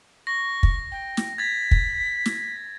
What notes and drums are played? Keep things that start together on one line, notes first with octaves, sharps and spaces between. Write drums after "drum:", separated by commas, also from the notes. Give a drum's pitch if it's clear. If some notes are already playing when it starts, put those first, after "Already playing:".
C#6 A#6
drum: kick
G5
drum: snare
G#6 A6 B6
drum: kick
drum: snare